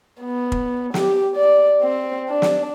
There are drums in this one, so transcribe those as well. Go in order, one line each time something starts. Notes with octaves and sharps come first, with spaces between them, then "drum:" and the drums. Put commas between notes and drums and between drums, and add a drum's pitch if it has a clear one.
B3
drum: kick
G4, drum: snare
D5
C4
D4
drum: snare